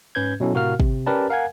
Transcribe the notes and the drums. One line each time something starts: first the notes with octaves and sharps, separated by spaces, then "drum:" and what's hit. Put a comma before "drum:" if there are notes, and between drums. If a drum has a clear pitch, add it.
G#2 C#4 B4 G6 G#6
B2 F#3 C#4 E4 A4
A2 C3 F#4 A#4 F5 F6
C3, drum: kick
C#4 G4 A#4 B4 D5 A5
A#4 F5 F#5 G#5 G#6